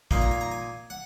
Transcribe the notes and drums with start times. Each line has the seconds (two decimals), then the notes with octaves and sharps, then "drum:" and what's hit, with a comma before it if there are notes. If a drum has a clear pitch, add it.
0.11 A#2 A#3 D#4 G#5, drum: kick
0.21 A#5
0.31 G#5
0.41 A#5
0.52 G#5
0.90 F#5